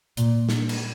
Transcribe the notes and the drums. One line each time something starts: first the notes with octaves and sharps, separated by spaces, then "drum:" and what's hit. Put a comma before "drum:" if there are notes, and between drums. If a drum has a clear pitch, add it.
A#2, drum: hi-hat
drum: snare
drum: cymbal